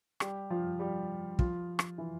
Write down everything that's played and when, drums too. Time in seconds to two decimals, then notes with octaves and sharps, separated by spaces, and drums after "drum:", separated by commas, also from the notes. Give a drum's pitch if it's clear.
0.20 G3 G4, drum: rim click
0.50 F3 F4
0.79 G3 G4
1.39 F3 F4, drum: kick
1.79 drum: rim click
1.98 E3 E4